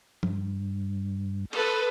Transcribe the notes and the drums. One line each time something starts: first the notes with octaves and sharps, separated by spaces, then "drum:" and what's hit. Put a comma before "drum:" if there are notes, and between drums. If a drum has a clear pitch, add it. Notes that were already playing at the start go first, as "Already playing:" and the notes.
G2, drum: tom
A4 B4, drum: cymbal